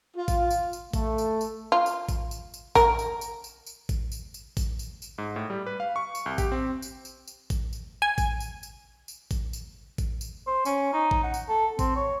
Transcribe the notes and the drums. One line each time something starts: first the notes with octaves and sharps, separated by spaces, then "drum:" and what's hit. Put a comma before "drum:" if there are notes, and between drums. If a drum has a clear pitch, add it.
F4
drum: kick A1, tambourine
drum: tambourine
drum: tambourine
A3, drum: kick A1, tambourine
drum: tambourine
drum: tambourine
F4
drum: tambourine
drum: kick A1, tambourine
drum: tambourine
drum: tambourine
A#4, drum: kick A1, tambourine
drum: tambourine
drum: tambourine
drum: tambourine
drum: tambourine
drum: kick A1, tambourine
drum: tambourine
drum: tambourine
drum: kick A1, tambourine
drum: tambourine
drum: tambourine
G#2
A2
G3
B4
F5
C#6
drum: tambourine
C2
G4, drum: kick A1, tambourine
C4
drum: tambourine
drum: tambourine
drum: tambourine
drum: kick A1, tambourine
drum: tambourine
G#5
drum: kick A1, tambourine
drum: tambourine
drum: tambourine
drum: tambourine
drum: kick A1, tambourine
drum: tambourine
drum: kick A1, tambourine
drum: tambourine
C5
C#4, drum: tambourine
D#4
drum: kick A1
F#5
drum: tambourine
A4
C4, drum: kick A1, tambourine
C#5